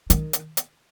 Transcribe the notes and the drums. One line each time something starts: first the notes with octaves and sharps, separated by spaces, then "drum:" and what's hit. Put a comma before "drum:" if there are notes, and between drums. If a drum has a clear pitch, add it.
D#3, drum: hi-hat
drum: hi-hat
drum: hi-hat